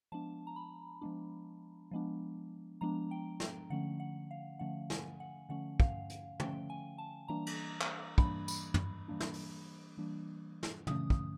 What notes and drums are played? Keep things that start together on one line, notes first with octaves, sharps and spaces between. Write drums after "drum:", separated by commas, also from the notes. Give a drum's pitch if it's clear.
F3 G#3 B3 D4 A5
A#5
B5
F3 G#3 B3 D4
F3 G#3 B3 D4
F3 G#3 B3 D4 A#5
G5
G5, drum: snare
D3 F3 A3 C#4 F#5
F#5
F5
D3 F3 A3 C#4 F#5
G#5, drum: snare
F#5
D3 F3 A3 C#4 F#5
F5, drum: kick
drum: hi-hat
D3 F3 A3 C#4 G5, drum: tom
G#5
A5
E3 G3 A#3 D4 A#5
drum: cymbal
drum: clap
E3 G3 A#3 D4 B5, drum: kick
B5, drum: tambourine
drum: tom
E3 G3 A#3 D4
drum: snare
drum: open hi-hat
E3 G3 A#3 D4
drum: snare
D3 F3 A3 C#4 D#6, drum: tom
drum: kick